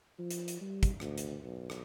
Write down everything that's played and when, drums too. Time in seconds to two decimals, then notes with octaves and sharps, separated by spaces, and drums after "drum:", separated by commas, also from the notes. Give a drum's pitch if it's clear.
0.19 F3
0.30 drum: hi-hat
0.48 drum: hi-hat
0.61 G3
0.83 drum: kick, hi-hat
1.00 D2, drum: rim click
1.18 drum: hi-hat
1.44 B1
1.70 drum: rim click